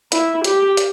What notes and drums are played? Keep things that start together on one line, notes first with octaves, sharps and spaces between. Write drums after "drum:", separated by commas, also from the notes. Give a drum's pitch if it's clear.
E4, drum: hi-hat
G4, drum: hi-hat
drum: hi-hat